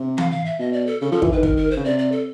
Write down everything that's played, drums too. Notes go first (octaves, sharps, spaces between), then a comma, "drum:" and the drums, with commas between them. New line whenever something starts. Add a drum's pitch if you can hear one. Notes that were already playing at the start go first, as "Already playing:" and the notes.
Already playing: C3
F5, drum: tom E3
F5
E5
B2 D#5
D5
A4
C#3 A4
F3 A4
E3, drum: kick
D#3 B4
A#4, drum: kick
A#4
C5
C#3
C3 D5
D5
A4